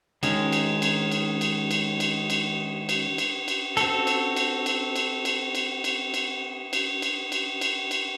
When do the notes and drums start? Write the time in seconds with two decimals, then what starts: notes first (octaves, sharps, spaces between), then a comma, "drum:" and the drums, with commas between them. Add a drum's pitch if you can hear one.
0.23 D#3 G#3 C#4, drum: cymbal
0.52 drum: cymbal
0.82 drum: cymbal
1.12 drum: cymbal
1.41 drum: cymbal
1.71 drum: cymbal
2.00 drum: cymbal
2.30 drum: cymbal
2.89 drum: cymbal
3.18 drum: cymbal
3.48 drum: cymbal
3.77 C4 F#4 A4, drum: cymbal
4.07 drum: cymbal
4.36 drum: cymbal
4.66 drum: cymbal
4.96 drum: cymbal
5.25 drum: cymbal
5.55 drum: cymbal
5.84 drum: cymbal
6.14 drum: cymbal
6.73 drum: cymbal
7.02 drum: cymbal
7.32 drum: cymbal
7.61 drum: cymbal
7.91 drum: cymbal